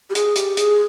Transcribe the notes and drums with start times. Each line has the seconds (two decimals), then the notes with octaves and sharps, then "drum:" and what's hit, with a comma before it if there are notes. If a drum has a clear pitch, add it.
0.10 G4
0.15 G#4, drum: hi-hat
0.36 G4, drum: hi-hat
0.57 G#4, drum: hi-hat